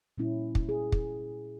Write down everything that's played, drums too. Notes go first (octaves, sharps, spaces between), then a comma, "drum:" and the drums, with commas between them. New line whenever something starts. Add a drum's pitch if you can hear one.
A#2 G3 C#4 E4
drum: kick
G#4
drum: kick